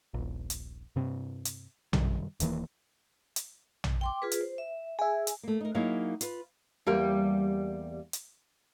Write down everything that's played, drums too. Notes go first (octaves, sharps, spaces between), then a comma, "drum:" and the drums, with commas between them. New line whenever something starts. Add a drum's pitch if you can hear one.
D#1 A#1
drum: hi-hat
G2 C3 C4
drum: hi-hat
F#2 C3 D#3 G3, drum: tom A#1
D#1 D#3 E3 A#3, drum: hi-hat
drum: hi-hat
drum: tom A#1
G5 C6 D6
F4 G#4 B4
drum: hi-hat
C5
E5
G#4 E5 G#5
drum: hi-hat
A3 A#3
D#4 A#4
F#3 A#3 D#4 E4 G#4 F5
F4 B4, drum: hi-hat
E2 G3 A#3
drum: hi-hat